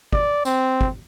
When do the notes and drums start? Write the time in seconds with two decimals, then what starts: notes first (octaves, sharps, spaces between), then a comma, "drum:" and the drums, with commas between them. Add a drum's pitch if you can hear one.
0.13 D5, drum: kick
0.45 C4, drum: tambourine
0.81 drum: kick